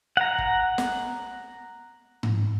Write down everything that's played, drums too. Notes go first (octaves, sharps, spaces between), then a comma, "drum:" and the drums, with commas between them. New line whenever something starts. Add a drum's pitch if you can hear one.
F#5 A#5
drum: kick
drum: snare
drum: tom G#2